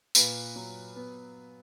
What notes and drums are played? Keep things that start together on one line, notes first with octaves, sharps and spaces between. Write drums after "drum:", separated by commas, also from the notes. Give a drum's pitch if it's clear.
A#2 B4, drum: tambourine
F#3
B3